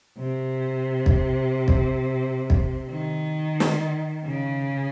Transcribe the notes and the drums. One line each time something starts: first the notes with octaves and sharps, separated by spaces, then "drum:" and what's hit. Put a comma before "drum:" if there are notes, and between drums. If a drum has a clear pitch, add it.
C3
drum: kick
drum: kick
drum: kick
D#3
drum: snare
C#3